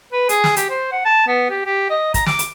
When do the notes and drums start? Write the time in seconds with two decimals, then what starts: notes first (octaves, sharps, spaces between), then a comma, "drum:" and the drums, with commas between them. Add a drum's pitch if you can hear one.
0.12 B4
0.29 G#4, drum: hi-hat
0.44 drum: snare
0.56 G4, drum: hi-hat
0.70 C5
0.92 F#5
1.05 A5
1.27 B3
1.50 G4
1.65 G4
1.90 D#5
2.14 A#5, drum: kick, hi-hat
2.26 D6, drum: snare
2.39 drum: hi-hat